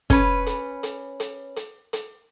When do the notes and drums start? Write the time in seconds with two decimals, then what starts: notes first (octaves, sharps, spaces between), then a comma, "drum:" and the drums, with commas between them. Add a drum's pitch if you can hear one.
0.10 C#4 B4, drum: kick, hi-hat
0.46 drum: hi-hat
0.83 drum: hi-hat
1.20 drum: hi-hat
1.56 drum: hi-hat
1.93 drum: hi-hat